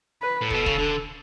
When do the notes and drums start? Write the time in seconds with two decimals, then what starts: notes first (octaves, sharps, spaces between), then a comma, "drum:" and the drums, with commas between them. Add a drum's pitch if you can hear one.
0.22 B4
0.42 A2
0.50 B2 A4, drum: kick
0.66 C#3, drum: kick
0.78 D3